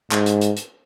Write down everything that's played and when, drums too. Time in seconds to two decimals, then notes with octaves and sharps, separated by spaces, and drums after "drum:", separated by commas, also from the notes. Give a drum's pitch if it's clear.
0.12 G#2, drum: clap
0.26 drum: hi-hat
0.41 drum: hi-hat
0.57 drum: hi-hat